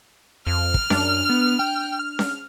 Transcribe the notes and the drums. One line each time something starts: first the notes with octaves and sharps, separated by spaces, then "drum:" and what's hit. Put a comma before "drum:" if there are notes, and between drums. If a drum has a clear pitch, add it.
F2 F6
drum: kick
F#2 D4, drum: snare C#4
B3
G5
F6
drum: snare C#4